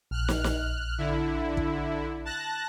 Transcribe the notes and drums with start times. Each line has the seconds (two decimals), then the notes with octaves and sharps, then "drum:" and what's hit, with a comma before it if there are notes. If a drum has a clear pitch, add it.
0.11 A#1 F6 F#6
0.28 drum: snare
0.44 drum: snare
0.98 D3 E4
1.57 drum: kick
2.25 A5 F#6 A#6